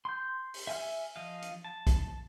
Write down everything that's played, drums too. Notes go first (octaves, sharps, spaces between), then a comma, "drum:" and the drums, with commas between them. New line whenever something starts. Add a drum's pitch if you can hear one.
C6 G6
drum: open hi-hat
E5 G#5 F6
F3 D#5 F5
drum: hi-hat
A5
drum: kick, hi-hat